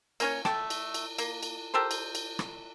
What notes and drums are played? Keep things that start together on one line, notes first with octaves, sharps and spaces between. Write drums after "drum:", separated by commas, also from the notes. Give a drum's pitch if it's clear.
A#3 C#4 C#5, drum: cymbal
A3 A4 G5 A5, drum: rim click
drum: cymbal
drum: cymbal
A#3, drum: cymbal
drum: cymbal
G4 A4 A#4 C5
drum: cymbal
drum: cymbal
drum: rim click